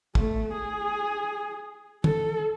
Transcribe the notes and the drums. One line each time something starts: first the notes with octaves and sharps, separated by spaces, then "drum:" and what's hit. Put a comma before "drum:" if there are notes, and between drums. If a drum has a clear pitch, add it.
A3, drum: kick
G#4
A4, drum: tom